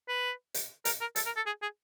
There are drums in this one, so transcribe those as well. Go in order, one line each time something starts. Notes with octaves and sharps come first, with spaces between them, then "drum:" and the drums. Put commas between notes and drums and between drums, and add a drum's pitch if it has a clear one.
B4
drum: hi-hat
A#4, drum: hi-hat
A#4
A4, drum: hi-hat
A#4
A4
G#4
G#4